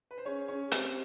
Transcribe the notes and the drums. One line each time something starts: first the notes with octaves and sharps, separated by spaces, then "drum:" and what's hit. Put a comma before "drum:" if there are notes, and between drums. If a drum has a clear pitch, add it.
B4
C5
C#4 G#4 C#5
C#4 C#5
C4 G4 C5, drum: hi-hat